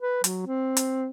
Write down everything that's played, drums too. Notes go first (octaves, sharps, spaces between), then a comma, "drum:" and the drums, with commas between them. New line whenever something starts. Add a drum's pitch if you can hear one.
B4
F#3, drum: hi-hat
C4
drum: hi-hat